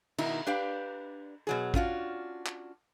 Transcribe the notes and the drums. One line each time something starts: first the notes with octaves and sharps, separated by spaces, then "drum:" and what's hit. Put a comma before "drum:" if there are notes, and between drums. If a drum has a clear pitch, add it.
B2 D#3 D#4 E4, drum: cymbal
D4 G4 B4 F5
B2 F#3 G#4
C#4 D4 F4 F#4, drum: kick
drum: clap